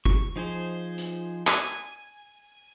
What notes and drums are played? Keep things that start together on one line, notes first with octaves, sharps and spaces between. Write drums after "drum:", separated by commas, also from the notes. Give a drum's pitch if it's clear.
C#6, drum: kick G1
F3 D#4 G#4 C5
drum: hi-hat
G#5, drum: clap